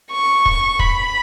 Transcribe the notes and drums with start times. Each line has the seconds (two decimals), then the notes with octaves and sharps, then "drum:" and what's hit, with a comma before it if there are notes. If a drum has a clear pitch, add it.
0.12 C#6
0.46 drum: kick
0.79 B5, drum: kick